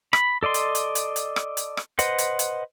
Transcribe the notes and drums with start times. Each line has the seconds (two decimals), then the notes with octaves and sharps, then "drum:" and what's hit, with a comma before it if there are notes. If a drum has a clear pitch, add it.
0.13 B5, drum: rim click
0.43 A4 D5 D#5 C6
0.54 drum: hi-hat
0.75 drum: hi-hat
0.95 drum: hi-hat
1.16 drum: hi-hat
1.36 drum: rim click
1.57 drum: hi-hat
1.77 drum: rim click
1.99 B4 C5 D#5 F#5, drum: hi-hat
2.18 drum: hi-hat
2.39 drum: hi-hat